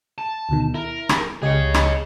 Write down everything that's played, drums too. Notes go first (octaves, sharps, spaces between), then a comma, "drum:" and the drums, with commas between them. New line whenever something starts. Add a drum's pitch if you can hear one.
A5
D2 B2 D#3
E4 A#4
drum: rim click
C#2 G4 G#4 C#5 D#5
drum: rim click